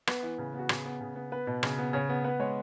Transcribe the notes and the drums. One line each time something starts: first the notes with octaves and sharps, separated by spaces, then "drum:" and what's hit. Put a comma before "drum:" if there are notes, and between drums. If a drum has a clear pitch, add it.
B3 B4, drum: rim click
E3
C#3
B3 F#4
C#3 G#4, drum: rim click
B3
C#3
B3
B3 B4
B2
C#3, drum: rim click
B3
C#3 C#5
B3
B3 B4
G#3 C#5